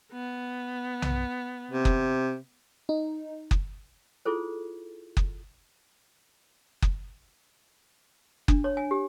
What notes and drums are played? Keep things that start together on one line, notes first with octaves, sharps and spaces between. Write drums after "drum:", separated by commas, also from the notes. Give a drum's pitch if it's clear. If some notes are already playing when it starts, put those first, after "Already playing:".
B3
drum: tom B1
C3
drum: kick F#1
D#4
drum: kick F#1
E4 F4 G#4 A4 C5
drum: kick F#1
drum: kick F#1
D4, drum: kick F#1
C#5
G#5
G4